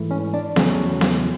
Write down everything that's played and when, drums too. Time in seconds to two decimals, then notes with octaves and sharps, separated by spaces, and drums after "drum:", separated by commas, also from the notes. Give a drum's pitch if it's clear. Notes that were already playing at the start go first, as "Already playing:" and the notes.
Already playing: G#2 E3 A3
0.11 C#4
0.34 D4
0.56 E2 C#3 F#3 A3 C#4, drum: snare B3
1.01 drum: snare B3